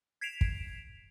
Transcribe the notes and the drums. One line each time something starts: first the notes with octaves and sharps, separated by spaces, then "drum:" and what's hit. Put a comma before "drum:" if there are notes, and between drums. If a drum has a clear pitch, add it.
G#6 B6 C7 D7 E7 F7
drum: kick